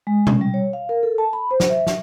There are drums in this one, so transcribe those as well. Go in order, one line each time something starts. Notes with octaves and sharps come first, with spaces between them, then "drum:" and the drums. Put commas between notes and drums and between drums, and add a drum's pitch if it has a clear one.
G#3
C#4, drum: tom B2
G3
C#5
F5
A#4
A4
A5
B5
C5
drum: snare
E5
drum: snare